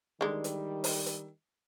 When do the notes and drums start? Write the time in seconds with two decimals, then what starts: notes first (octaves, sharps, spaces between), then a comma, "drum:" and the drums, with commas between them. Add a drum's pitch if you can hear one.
0.21 D3 D#3 G3 G#3
0.44 drum: hi-hat
0.84 drum: open hi-hat
1.06 drum: hi-hat